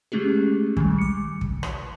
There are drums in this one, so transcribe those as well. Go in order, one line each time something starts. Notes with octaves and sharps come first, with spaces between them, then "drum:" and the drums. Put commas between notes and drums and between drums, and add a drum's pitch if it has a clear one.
G#3 A3 C#4 G4 G#4
D#3 G3 G#3, drum: kick
D6 C#7
drum: kick
drum: rim click